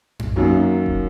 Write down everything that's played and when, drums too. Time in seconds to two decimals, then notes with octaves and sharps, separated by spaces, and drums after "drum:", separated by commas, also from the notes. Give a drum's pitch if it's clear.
0.19 drum: tom F#2
0.36 F#2 D#3 F#3 A#3
0.86 drum: kick E1